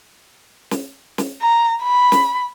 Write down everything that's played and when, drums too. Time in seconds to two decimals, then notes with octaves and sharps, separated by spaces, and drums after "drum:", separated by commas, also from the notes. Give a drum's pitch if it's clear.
0.71 drum: snare
1.18 drum: snare
1.42 A#5
1.83 B5
2.12 drum: snare